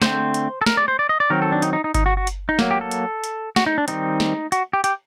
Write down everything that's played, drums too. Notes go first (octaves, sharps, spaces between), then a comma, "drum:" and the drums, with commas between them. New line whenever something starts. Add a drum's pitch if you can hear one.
D3 A3 C4 C5, drum: snare
drum: hi-hat
A4
A#4, drum: snare
D5
C5
D5
D#5
D5
D#3 F#3 C4 A#4
A4
D4
D#4, drum: hi-hat
D#4
D#4
D#4, drum: kick G1, hi-hat
F#4
F#4
drum: hi-hat
D#4
F#3 A#3, drum: snare
G4
A4
drum: hi-hat
drum: hi-hat
F#4, drum: snare
D#4
D4
D#3 G3 C4 D#4, drum: hi-hat
drum: snare
F#4, drum: hi-hat
G4
G4, drum: hi-hat